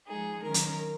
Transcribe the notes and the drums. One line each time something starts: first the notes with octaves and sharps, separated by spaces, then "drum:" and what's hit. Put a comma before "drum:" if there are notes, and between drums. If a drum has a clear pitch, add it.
F3 G#3 D#4 G#4
D#3 F#3 C#4 A#4
drum: hi-hat